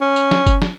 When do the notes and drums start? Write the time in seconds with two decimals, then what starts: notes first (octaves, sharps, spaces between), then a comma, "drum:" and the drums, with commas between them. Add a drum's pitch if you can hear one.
0.01 C#4
0.16 drum: tambourine
0.31 drum: snare
0.47 drum: kick F#1, tambourine
0.62 drum: snare